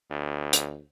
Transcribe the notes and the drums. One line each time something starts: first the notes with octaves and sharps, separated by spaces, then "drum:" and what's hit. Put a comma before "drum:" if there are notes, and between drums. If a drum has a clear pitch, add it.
D2
drum: hi-hat